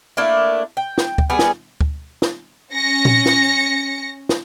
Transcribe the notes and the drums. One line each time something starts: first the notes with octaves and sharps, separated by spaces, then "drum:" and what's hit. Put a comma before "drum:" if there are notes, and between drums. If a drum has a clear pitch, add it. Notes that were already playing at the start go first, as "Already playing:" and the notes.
A3 A#3 D4 E4
G5
drum: snare
drum: kick
G3 B3 G#4 G#5
drum: snare
drum: kick
drum: snare
C#4 A#6 C#7
drum: tom A#2
drum: snare
drum: snare